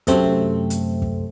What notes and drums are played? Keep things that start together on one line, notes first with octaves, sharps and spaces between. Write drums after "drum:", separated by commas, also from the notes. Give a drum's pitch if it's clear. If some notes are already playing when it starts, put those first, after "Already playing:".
F#2 C3 A3 C4, drum: kick, hi-hat
drum: hi-hat
drum: kick